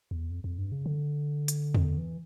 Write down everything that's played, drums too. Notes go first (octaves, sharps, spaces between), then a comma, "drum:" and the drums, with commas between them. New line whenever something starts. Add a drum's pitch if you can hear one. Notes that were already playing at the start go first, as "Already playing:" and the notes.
E2
F2
F2
G2
C#3
D3
drum: hi-hat
drum: tom E2
E3